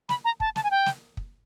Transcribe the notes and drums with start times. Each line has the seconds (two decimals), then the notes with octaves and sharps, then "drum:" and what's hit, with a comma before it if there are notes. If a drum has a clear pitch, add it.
0.09 B5, drum: snare
0.25 A#5
0.40 A5, drum: kick
0.56 A5, drum: snare
0.64 G#5
0.71 G5
0.86 drum: snare
1.17 drum: kick